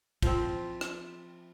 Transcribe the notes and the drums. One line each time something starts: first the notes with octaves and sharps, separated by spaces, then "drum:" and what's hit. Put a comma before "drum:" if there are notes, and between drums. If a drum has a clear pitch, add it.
F3 C4, drum: kick, cymbal
drum: rim click